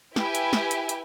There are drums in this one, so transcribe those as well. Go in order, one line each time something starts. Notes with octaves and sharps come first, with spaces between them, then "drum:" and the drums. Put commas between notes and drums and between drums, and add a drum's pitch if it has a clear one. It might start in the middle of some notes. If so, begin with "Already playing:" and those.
E4 G4 B4 E5 G#5, drum: snare
drum: hi-hat
drum: snare
drum: hi-hat
drum: hi-hat